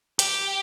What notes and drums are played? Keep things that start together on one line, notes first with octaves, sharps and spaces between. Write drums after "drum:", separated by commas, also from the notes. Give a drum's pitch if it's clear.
G4, drum: hi-hat